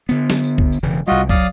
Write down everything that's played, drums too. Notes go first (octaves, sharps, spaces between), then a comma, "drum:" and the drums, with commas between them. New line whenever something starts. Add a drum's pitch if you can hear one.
D3 B3
drum: snare F#3
drum: tambourine
drum: kick
drum: tambourine
E1 C#3 E3
C2 G3 F4 F#4 D#5
F#3 D5 F5 D#6, drum: kick, tambourine